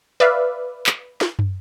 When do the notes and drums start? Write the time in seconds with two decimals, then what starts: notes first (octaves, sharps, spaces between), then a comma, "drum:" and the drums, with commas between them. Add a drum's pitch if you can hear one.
0.20 B4 D5 E5 F5
0.86 drum: clap
1.21 drum: snare
1.39 drum: tom